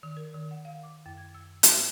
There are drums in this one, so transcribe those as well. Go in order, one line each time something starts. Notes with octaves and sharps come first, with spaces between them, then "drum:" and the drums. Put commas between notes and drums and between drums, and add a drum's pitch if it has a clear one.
D#3
A#4
D#3
F#5
F5
D6
F#2
G#6
E6
A5, drum: hi-hat
C5